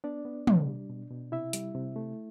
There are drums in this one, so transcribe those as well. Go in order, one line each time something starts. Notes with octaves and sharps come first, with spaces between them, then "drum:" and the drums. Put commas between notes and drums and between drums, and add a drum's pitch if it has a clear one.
B3 D4 D5
B3
B2, drum: tom
G3
B2
B2
C3 E4 E5
G3, drum: hi-hat
C3
A3